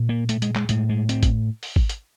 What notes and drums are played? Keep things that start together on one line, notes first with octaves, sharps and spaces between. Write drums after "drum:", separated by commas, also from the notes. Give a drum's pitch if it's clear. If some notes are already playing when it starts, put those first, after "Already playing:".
Already playing: A#2
A#3
A3, drum: hi-hat
G#3, drum: hi-hat
G#3, drum: clap
A2 G#3, drum: hi-hat
G#3
C4, drum: hi-hat
drum: kick G#1, hi-hat
drum: open hi-hat
drum: kick G#1
drum: hi-hat